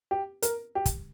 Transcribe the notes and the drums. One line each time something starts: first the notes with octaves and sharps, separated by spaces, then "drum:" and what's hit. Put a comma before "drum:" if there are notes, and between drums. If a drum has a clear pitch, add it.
G4
A#4, drum: hi-hat
G4
drum: kick, hi-hat